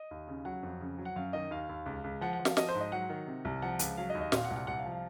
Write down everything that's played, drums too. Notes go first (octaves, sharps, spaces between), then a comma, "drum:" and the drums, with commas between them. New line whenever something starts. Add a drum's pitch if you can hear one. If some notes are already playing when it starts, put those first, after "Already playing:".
Already playing: D#5
D#2
C#3
F#3 F#5
F2
C#3
F#3
F#5
F#2 F5
D#3 D#5
D#2 F5
D#2
C#2
C#2
F3 F#5
F#5
F3
F5, drum: snare
F3 D#5, drum: snare
C5
G#2
D#5
F#3 F#5
D#3
C3
C2
F3 F#5
C#2, drum: hi-hat
F#3 F5
D#5
D#2
D#5
A#2 F5, drum: snare
F#5
C2
F#5
C2 F#5
F5
F3
F5